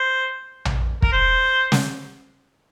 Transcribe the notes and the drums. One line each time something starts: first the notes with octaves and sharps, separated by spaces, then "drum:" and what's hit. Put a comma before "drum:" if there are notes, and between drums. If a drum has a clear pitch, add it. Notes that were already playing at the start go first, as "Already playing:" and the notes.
Already playing: C5
drum: tom A#1
A#4, drum: kick
C5
drum: snare